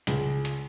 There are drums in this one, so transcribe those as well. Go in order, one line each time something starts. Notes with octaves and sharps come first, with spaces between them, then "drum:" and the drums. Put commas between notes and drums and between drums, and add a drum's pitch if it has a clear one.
C#2, drum: hi-hat
drum: hi-hat